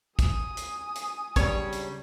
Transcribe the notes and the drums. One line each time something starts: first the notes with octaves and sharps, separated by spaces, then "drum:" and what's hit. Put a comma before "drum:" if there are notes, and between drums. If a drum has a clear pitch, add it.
G#5 D#6, drum: kick, hi-hat
drum: hi-hat
drum: hi-hat
C#3 F#3 G3 D4 C#5, drum: kick, hi-hat
drum: hi-hat